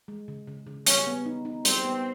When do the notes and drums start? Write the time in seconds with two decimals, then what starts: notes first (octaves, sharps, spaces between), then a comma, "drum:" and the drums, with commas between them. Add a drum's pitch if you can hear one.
0.08 G#3
0.28 C#3
0.47 C#3
0.67 C#3
0.87 G3 C#4, drum: hi-hat
1.07 B3
1.26 D#4
1.45 D#4
1.65 G3 C4, drum: hi-hat
1.85 B3